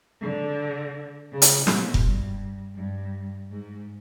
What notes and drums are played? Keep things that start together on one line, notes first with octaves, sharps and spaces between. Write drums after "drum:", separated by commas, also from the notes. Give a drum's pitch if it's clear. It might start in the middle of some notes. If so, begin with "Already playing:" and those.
D3
C#3
drum: hi-hat
B2, drum: snare
drum: kick F1
G2
G2
G#2